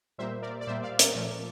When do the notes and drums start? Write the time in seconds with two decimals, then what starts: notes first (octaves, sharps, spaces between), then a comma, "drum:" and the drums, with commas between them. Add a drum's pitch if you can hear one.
0.18 A#2 G3 A#3 C5 E5
0.42 A#4 D5
0.61 D5
0.67 A#2 G3 A#3 C5 E5
0.83 D5 F5
0.99 A#4 D5, drum: hi-hat
1.15 A#2 F3 A3